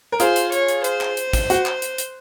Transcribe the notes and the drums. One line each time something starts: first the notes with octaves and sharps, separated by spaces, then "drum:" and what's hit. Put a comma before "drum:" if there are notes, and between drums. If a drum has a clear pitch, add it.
A#4
F4 G#4 C5, drum: hi-hat
drum: hi-hat
C#5, drum: hi-hat
drum: hi-hat
C5, drum: hi-hat
drum: clap
drum: hi-hat
drum: kick, hi-hat
F#4, drum: hi-hat
drum: clap
drum: hi-hat
drum: hi-hat